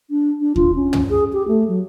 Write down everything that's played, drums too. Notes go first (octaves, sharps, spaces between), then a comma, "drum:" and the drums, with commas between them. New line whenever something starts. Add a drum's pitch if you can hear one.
D4
D4
F4, drum: kick D#2
C#4
drum: tom
G#4
G4
A3
F#3